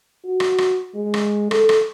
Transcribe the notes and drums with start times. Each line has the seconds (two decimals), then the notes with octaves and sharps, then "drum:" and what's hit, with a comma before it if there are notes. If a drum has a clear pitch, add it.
0.25 F#4
0.40 drum: rim click
0.58 drum: rim click
0.95 G#3
1.14 drum: rim click
1.51 A4, drum: rim click
1.69 drum: rim click